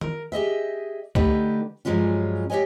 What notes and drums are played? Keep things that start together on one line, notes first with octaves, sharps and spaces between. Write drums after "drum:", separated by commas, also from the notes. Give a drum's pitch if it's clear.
A#4, drum: tom D#3
G4 G#4 D#5 E5
D3 A3 D#4 G4 B4, drum: kick C2
G2 F3 F#3 G#3 C#4 F4
G4 A#4 C#5 D#5 G#5